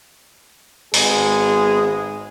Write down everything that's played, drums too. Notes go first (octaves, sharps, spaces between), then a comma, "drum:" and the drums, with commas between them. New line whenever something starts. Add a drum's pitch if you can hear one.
G#1 G#2 G#3 B3 G#4, drum: open hi-hat